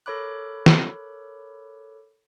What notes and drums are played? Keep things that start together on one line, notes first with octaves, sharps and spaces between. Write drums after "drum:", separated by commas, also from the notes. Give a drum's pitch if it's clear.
A4 A#4 C#5 B5 D6 F#6
drum: snare